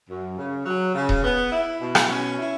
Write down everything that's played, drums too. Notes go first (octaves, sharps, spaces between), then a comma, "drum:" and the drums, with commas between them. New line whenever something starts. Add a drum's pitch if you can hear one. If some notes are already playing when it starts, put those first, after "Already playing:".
F#2
C#3
F#3
C#3
drum: kick D#1
B3
E4
B2
drum: rim click
C#4
E4